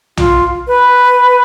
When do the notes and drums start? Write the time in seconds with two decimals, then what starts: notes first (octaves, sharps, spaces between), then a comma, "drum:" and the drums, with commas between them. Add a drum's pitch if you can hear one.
0.17 F4, drum: tom B1
0.67 B4